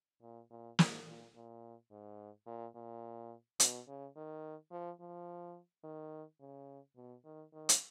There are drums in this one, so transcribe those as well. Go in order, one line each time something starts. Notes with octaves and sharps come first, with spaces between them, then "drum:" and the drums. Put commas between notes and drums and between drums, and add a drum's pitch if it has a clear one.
A#2
A#2
G#2, drum: snare
A#2
A#2
G#2
A#2
A#2
B2, drum: hi-hat
C#3
D#3
F3
F3
D#3
C#3
B2
D#3
D#3
drum: hi-hat